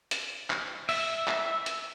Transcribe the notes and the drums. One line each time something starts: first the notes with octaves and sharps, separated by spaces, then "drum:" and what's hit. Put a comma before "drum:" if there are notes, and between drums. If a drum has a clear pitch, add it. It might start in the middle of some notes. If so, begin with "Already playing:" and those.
drum: hi-hat
drum: clap
E5, drum: open hi-hat
drum: clap
drum: hi-hat